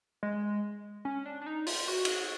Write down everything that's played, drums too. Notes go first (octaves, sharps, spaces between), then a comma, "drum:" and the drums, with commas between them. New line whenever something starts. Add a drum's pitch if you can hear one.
G#3
C#4
D4
D4
D#4
F4, drum: open hi-hat
F#4
drum: cymbal